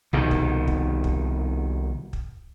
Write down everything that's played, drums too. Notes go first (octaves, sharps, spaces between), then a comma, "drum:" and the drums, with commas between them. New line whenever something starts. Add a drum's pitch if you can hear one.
C2 B2 D#3
drum: kick
drum: kick
drum: kick
drum: kick